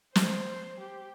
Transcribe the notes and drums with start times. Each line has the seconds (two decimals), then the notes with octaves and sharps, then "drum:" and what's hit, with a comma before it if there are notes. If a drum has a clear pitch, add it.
0.16 C5, drum: snare
0.80 G4